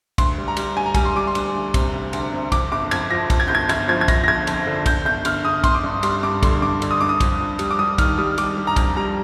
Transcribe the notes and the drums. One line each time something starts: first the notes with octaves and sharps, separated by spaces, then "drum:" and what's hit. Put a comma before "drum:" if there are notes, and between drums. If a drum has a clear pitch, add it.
D2 C6, drum: kick, cymbal
G3
A#5
G3, drum: cymbal
D2 G#5
A#5
G3 G#5, drum: kick, cymbal
C6
G3 D6
C6
D2, drum: cymbal
D2
C3, drum: kick, cymbal
D2
D2, drum: cymbal
C3
F2 D6, drum: kick, cymbal
G1 D6
F2 G#6, drum: cymbal
F3 A#6
F2, drum: kick, cymbal
G#6
G1 G6
G#6
G1 G#6, drum: cymbal
F3 G#6
G#6
G1 A#6, drum: kick, cymbal
A#6
G1 G#6
F2, drum: cymbal
D3
D3 G6, drum: kick, cymbal
G1 G6
G1 F6, drum: cymbal
G1 D#6
G1 C6, drum: kick, cymbal
D6
G2
G3 C6, drum: cymbal
G2 D6
D3 C6, drum: kick, cymbal
G2 D6
D3, drum: cymbal
D#6
G2 D6
D#6
F2, drum: kick, cymbal
F2
G3, drum: cymbal
D6
G3 D#6
D#3 F6, drum: kick, cymbal
G3 D#6
G3 D6, drum: cymbal
G3
A#5
F2, drum: kick, cymbal
G3 A#5